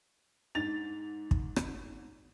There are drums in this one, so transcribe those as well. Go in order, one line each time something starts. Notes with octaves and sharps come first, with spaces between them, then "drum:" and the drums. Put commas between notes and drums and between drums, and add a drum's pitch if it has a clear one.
G#2 A6 F7
drum: kick
drum: rim click